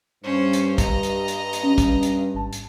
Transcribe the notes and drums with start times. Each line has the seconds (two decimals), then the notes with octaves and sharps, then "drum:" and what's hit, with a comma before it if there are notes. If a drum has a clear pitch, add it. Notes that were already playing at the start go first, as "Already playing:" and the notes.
0.24 G2 C#4 C5
0.53 drum: hi-hat
0.78 D#5 A#5, drum: kick, hi-hat
1.03 drum: hi-hat
1.28 drum: hi-hat
1.53 drum: hi-hat
1.63 C#4
1.78 drum: kick, hi-hat
2.03 drum: hi-hat
2.34 G#1 A5
2.53 drum: hi-hat